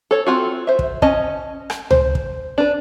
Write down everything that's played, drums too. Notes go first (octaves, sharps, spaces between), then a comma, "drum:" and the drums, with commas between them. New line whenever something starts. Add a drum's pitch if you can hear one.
A4 C#5
C4 F4 F#4
C5 E5
drum: kick
C#4 D#5 A5, drum: kick
drum: rim click
C5, drum: tom C#2
drum: kick
D4 B4